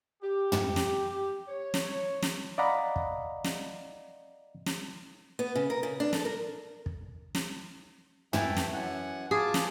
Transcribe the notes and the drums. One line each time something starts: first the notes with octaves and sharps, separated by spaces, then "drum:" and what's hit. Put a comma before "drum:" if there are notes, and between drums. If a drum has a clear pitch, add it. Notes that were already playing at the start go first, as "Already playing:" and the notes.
G4
drum: tom
drum: snare
C#5
drum: snare
drum: snare
D5 D#5 F5 F#5 A#5 B5
drum: kick
drum: snare
drum: snare
B3
C#3
A#4
C#3
D4
A4, drum: snare
A#4
drum: kick
drum: snare
E3 A3 A4 G5, drum: tom
drum: snare
F#2 F#5 G#5
F4 G#4 A5 D6
drum: snare